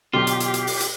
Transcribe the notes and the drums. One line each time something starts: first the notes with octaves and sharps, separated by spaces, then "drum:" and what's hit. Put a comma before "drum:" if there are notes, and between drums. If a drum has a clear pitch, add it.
B2 D3 F#3 F4 G4
drum: hi-hat
drum: hi-hat
drum: hi-hat
drum: open hi-hat
drum: hi-hat